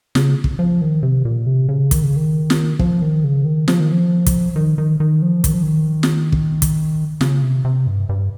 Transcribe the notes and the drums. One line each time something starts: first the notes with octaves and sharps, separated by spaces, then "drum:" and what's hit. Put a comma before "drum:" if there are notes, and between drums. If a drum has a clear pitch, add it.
C#3, drum: snare
drum: kick
F3
D#3
C3
A#2
C3
C#3
D#3, drum: kick, hi-hat
C#3
D#3
drum: snare
F3, drum: kick
D#3
C#3
D#3
F3, drum: snare
D#3
F3
drum: kick, hi-hat
D#3
D#3
D#3
F3
D#3, drum: kick, hi-hat
F3
D#3
drum: snare
drum: kick
drum: kick, hi-hat
C#3, drum: snare
C3
C3
G2
G2